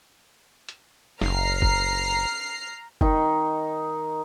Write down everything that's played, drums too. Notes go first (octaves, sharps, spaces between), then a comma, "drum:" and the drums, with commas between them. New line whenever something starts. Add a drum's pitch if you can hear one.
drum: hi-hat
F#1 A#5 F6 C7, drum: snare
drum: kick
D#3 D#4, drum: kick